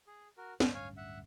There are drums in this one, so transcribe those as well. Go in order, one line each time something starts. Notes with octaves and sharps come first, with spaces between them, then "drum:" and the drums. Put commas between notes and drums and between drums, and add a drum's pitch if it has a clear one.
G#4
F#4 A#4
D1 G2 C#4 C5, drum: snare
C#5 F5 G#5
E5 F#5